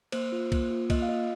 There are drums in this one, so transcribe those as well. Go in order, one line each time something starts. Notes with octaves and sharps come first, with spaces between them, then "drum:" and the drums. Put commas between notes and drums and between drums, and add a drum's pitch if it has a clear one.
A#3 C5, drum: cymbal
F4
A#3, drum: kick C2, cymbal
F4
A#3 D#5, drum: kick C2, cymbal
F5
F4 D#5